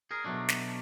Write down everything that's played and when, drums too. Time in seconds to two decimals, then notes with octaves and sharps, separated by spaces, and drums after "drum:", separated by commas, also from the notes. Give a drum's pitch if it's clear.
0.11 G#4 A#4
0.24 B2 F#3 A3 D4
0.49 drum: snare